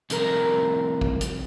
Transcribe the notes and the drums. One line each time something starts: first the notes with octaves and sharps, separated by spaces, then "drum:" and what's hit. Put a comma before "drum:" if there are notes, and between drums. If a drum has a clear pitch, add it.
C2 F2 A#4 A#5, drum: hi-hat
drum: kick
drum: hi-hat